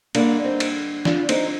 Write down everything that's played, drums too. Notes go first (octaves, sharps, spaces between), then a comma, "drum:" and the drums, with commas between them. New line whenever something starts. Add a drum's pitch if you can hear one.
G2 D3 G#3 A#3 D4, drum: cymbal
C4 D#4
drum: cymbal
D4 F4, drum: snare
C4 D#4, drum: cymbal